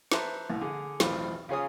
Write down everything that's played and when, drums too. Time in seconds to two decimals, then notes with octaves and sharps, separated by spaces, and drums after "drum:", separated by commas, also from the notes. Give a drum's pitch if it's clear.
0.12 B4 C5 E5 A5 A#5 C6, drum: snare
0.50 C2 A2
0.61 D3 G#4
1.00 B1 E2 A2 C4 F4 B5, drum: snare
1.49 C#3 F4 G#4 C#5 G#5 D#6